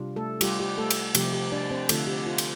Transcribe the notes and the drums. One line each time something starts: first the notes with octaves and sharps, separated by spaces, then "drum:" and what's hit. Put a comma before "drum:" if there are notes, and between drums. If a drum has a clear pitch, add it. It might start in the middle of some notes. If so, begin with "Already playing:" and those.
Already playing: C3 G3 D4 F4
A3 A4
G3 F4 G4, drum: cymbal
G4
A3 A4
drum: cymbal
C3 F3 A3 G4, drum: cymbal
G4
D4 D5
C4 C5
D3 A3 C4 F4 A4, drum: cymbal
G4
F4
drum: cymbal